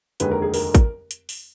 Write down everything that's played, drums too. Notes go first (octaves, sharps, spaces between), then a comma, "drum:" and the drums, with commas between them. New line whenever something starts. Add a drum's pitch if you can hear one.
F1 D#2 D3 G#3 B4, drum: hi-hat
A#4
G#4
A#4, drum: open hi-hat
drum: kick, hi-hat
drum: hi-hat
drum: open hi-hat